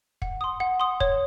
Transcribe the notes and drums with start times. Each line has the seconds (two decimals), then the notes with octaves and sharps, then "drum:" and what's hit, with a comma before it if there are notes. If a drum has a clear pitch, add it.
0.22 F#5, drum: kick
0.41 C6 D#6
0.60 F#5
0.80 C6 D#6
1.00 C#5, drum: kick